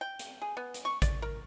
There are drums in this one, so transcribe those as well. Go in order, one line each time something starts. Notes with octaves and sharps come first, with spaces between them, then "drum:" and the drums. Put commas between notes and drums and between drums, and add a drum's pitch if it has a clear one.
G5
drum: hi-hat
G#4
B3
drum: hi-hat
C#6
D5, drum: kick A1, hi-hat
A#4